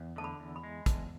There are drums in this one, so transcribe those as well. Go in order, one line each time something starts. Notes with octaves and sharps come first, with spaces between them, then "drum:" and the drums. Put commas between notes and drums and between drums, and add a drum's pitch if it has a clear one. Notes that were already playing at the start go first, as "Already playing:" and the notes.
Already playing: E2
D3 A5
B5
E2
B5
G#3
E2 A5, drum: kick, hi-hat